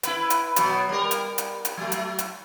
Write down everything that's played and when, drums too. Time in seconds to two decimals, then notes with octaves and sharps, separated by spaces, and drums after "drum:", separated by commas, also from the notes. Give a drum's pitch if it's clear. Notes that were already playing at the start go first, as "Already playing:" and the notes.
0.03 E4 B4, drum: hi-hat
0.30 drum: hi-hat
0.56 B2 F#3, drum: hi-hat
0.89 G3 A#4
1.11 drum: hi-hat
1.38 drum: hi-hat
1.65 drum: hi-hat
1.77 F#3 A3
1.92 drum: hi-hat
2.19 drum: hi-hat